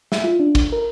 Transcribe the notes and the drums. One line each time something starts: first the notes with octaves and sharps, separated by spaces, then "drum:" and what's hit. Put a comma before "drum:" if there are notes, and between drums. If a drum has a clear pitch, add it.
E5, drum: snare
F4
D4
drum: kick, cymbal
A#4